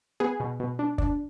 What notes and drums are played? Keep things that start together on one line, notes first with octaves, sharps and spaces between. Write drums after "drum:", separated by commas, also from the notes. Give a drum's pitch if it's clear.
B3 G#4
B2
B2
D4
D4, drum: kick